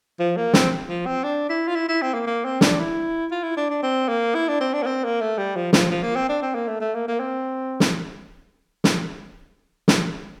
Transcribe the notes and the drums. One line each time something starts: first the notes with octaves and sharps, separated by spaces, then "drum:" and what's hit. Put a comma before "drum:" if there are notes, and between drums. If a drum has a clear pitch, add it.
F3
A#3
C4, drum: snare
F3
C4
D4
E4
F4
E4
E4
C4
A#3
A#3
C4
D4, drum: snare
E4
F4
E4
D4
D4
C4
A#3
E4
D4
C4
D4
A#3
C4
A#3
A3
G3
F3
F3, drum: snare
F3
A#3
C4
D4
C4
A#3
A3
A3
A#3
A#3
C4
drum: snare
drum: snare
drum: snare